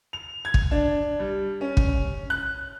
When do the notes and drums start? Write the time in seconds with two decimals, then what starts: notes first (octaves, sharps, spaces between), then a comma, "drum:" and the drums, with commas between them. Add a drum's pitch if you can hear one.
0.13 F7
0.45 G#6
0.54 drum: kick
0.71 D4
1.19 G3
1.61 C#4
1.77 drum: kick
2.30 F#6